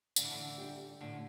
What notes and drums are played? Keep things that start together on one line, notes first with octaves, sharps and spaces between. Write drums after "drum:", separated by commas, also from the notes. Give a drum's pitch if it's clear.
A2 D3, drum: tambourine
E3
D3
G3 D4 G4
A2 D3